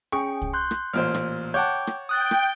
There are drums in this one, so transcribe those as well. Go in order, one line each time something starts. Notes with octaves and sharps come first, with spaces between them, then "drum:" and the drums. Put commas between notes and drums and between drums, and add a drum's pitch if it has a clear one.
C#4 G#4 G5 C#6
drum: kick C2
C6 F#6 G6
drum: rim click
A1 A#2 C5 F6
drum: rim click
C#5 F#5 G5 A5 D6 G6
drum: rim click
G5 D#6 F#6 A6
drum: rim click